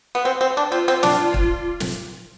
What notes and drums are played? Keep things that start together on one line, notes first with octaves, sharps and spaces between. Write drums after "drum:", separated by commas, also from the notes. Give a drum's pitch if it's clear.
B3
C4
C4
D4
C4 F4
C4
D4, drum: snare
drum: kick
drum: snare